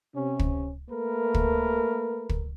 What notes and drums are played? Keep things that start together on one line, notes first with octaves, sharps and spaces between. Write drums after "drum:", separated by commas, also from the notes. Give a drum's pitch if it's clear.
C3 C#4
drum: kick
A3 A#3 A#4 B4
drum: kick
drum: kick